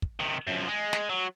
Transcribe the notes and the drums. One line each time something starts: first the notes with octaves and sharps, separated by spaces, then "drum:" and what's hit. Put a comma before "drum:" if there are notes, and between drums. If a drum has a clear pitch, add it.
drum: kick
C3 D#3
F#2 F3
G#3
drum: snare
F#3